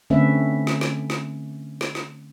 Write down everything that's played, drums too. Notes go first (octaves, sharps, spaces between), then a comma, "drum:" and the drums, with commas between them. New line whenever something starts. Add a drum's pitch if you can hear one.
D3 A3 C4 C#4 B4 E5
drum: snare
drum: snare
drum: snare
drum: snare
drum: snare